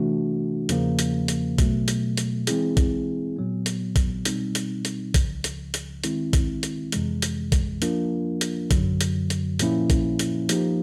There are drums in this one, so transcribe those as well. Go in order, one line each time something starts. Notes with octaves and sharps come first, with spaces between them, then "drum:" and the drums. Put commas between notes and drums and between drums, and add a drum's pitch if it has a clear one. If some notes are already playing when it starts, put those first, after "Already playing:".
Already playing: C3 E3 A3 D4 F#4
E2 C#3 F3 A#3, drum: hi-hat
drum: hi-hat
drum: hi-hat
B2 F#3 A3, drum: kick, hi-hat
drum: hi-hat
drum: hi-hat
E3 G#3 C4 E4 G#4, drum: hi-hat
drum: kick, hi-hat
A#2 F#3 B3
drum: hi-hat
drum: kick, hi-hat
B2 G3 C4 D#4, drum: hi-hat
drum: hi-hat
drum: hi-hat
C#2 C#3 F3, drum: kick, hi-hat
drum: hi-hat
drum: hi-hat
D#3 G#3 C4 E4, drum: hi-hat
drum: kick, hi-hat
drum: hi-hat
F2 C3 E3 G#3, drum: hi-hat
drum: hi-hat
drum: kick, hi-hat
F3 A#3 D4 F4 A#4, drum: hi-hat
drum: hi-hat
F#2 D3 F#3, drum: kick, hi-hat
drum: hi-hat
drum: hi-hat
A#2 F3 A#3 C#4 E4, drum: hi-hat
drum: kick, hi-hat
drum: hi-hat
F3 A#3 D#4 G4, drum: hi-hat